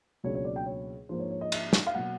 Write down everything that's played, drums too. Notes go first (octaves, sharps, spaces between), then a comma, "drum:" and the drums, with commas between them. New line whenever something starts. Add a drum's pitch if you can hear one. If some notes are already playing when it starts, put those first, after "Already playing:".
C#2 B2 F#3 A#3 D4 C#5
C#5
D5
G5
C#5
G#2 F3 A#3 D4 C5
C#5
C#5
D#5
E5, drum: cymbal
drum: snare
F5
B2 F#3 A#3 F#5